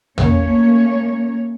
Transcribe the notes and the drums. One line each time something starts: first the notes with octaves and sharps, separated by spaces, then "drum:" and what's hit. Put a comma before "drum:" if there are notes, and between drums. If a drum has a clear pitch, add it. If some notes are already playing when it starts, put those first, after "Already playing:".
A3 A#3 C#4 C#5, drum: tom